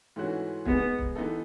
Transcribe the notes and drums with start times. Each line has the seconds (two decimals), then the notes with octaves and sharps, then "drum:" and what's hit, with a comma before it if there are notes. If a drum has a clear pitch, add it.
0.16 G#2 E3 A3 C#4 F#4
0.65 G#3 B3 D#4 G#4, drum: kick C#1
0.99 drum: kick C#1
1.15 E3 B3 D#4 A4